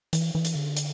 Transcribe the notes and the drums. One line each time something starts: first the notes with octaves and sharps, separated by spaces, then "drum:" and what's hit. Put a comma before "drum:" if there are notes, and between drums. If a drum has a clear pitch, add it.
E3, drum: hi-hat
E3
drum: hi-hat
D3
drum: hi-hat